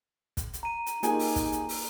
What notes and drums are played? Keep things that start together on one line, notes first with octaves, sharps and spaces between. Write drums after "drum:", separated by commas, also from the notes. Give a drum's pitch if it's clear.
drum: kick, hi-hat
drum: hi-hat
A#5 D#7
drum: hi-hat
A#3 D#4 F4 G4 G#4 G5 G#5, drum: hi-hat
drum: open hi-hat
drum: kick, hi-hat
drum: hi-hat
drum: open hi-hat